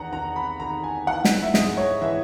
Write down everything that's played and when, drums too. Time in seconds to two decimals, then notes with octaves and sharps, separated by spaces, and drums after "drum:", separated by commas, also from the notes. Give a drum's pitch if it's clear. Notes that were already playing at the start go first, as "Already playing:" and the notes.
Already playing: E2 D#3 F#5 A#5
0.13 D#3 A#5
0.36 B5
0.60 D#3 A#5
0.84 G#5
1.07 E3 F#5
1.25 drum: snare
1.42 E5
1.54 G#2 D#5, drum: snare
1.77 C#5
2.02 E3 E5